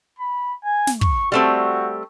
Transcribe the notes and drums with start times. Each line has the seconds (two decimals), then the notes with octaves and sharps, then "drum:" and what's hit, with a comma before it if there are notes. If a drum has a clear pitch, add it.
0.19 B5
0.64 G#5
0.87 drum: snare
1.01 C#6, drum: kick
1.32 G3 A3 C4 F#4